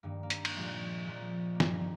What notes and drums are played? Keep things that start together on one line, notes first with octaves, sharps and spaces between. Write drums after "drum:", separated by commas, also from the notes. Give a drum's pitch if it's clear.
G2 D#3 A#3
A#3
C4, drum: hi-hat
drum: cymbal
A#2 F3 G#3
A#2 F3
A#3
G2 D#3 C4, drum: snare